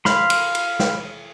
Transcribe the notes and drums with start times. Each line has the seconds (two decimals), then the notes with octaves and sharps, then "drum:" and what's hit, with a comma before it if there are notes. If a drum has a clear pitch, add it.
0.05 F5 B5 C6, drum: snare
0.30 drum: cymbal
0.55 drum: cymbal
0.80 drum: snare